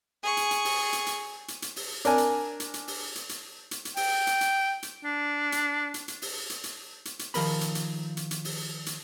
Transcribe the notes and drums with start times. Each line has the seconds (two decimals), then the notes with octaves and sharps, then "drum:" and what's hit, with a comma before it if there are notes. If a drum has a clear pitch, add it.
0.23 G#4 C#6
0.37 drum: hi-hat
0.51 drum: hi-hat
0.65 drum: open hi-hat
0.93 drum: hi-hat
1.07 drum: hi-hat
1.48 drum: hi-hat
1.62 drum: hi-hat
1.76 drum: open hi-hat
2.05 D4 A#4 G#5, drum: hi-hat
2.18 drum: hi-hat
2.60 drum: hi-hat
2.74 drum: hi-hat
2.88 drum: open hi-hat
3.15 drum: hi-hat
3.29 drum: hi-hat
3.71 drum: hi-hat
3.85 drum: hi-hat
3.96 G5, drum: open hi-hat
4.27 drum: hi-hat
4.41 drum: hi-hat
4.83 drum: hi-hat
5.04 D4
5.52 drum: hi-hat
5.94 drum: hi-hat
6.08 drum: hi-hat
6.22 drum: open hi-hat
6.50 drum: hi-hat
6.64 drum: hi-hat
7.05 drum: hi-hat
7.19 drum: hi-hat
7.34 D#3 F3 A#4 B5, drum: open hi-hat
7.61 drum: hi-hat
7.75 drum: hi-hat
8.17 drum: hi-hat
8.31 drum: hi-hat
8.45 drum: open hi-hat
8.86 drum: hi-hat